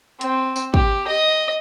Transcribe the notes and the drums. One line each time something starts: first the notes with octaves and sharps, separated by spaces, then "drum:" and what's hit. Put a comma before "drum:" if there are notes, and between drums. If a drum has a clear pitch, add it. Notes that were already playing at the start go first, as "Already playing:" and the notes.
C4, drum: hi-hat
drum: tambourine
G4, drum: kick
D#5